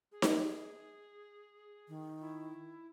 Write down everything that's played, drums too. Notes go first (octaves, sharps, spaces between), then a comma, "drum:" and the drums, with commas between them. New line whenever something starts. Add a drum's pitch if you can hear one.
G#4
drum: snare D#4
D#3
E4